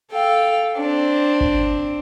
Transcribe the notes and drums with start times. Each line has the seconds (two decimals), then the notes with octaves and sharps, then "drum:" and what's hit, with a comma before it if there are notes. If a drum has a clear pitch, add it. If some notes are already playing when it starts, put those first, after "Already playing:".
0.10 A4 F5 G5
0.77 C4 D4
1.41 drum: kick G#1